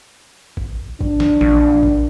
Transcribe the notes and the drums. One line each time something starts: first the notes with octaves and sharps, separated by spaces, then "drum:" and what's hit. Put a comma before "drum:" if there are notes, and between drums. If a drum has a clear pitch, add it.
drum: kick
D4, drum: kick
drum: snare
A#1, drum: tom E3
drum: kick